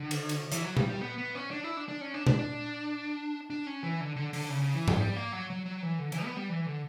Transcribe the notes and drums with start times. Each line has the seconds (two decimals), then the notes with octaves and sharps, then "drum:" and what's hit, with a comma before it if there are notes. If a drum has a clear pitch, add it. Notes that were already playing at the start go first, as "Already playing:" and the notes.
Already playing: D3
0.11 drum: cymbal
0.29 drum: cymbal
0.52 E3, drum: hi-hat
0.64 F#3
0.77 G3, drum: tom A#2
0.90 G3
1.01 B3
1.18 B3
1.35 C#4
1.51 D4
1.64 E4
1.77 D4
1.89 D4
2.01 C#4
2.14 D4
2.27 D4, drum: tom A#2
2.39 D4
3.50 D4
3.67 C#4
3.83 E3
4.01 D3
4.17 D3
4.33 D3, drum: open hi-hat
4.50 C#3
4.62 C#3
4.74 E3
4.88 F#3, drum: tom G#2
5.00 G3
5.16 A#3
5.32 F#3
5.50 F#3
5.66 F#3
5.83 E3
5.99 D3
6.12 E3, drum: hi-hat
6.24 B3
6.36 G3
6.49 E3
6.66 D3